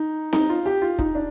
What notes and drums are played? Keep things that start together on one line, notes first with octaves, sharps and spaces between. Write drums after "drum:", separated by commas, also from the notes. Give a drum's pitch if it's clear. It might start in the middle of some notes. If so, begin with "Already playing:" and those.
Already playing: D#4
D#4, drum: snare C4
F4
G4
F4
D#4, drum: kick
D4